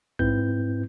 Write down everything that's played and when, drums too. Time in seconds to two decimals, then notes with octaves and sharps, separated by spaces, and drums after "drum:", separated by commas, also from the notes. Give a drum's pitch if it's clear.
0.19 G#2 C4 E4 B4 G6, drum: kick A1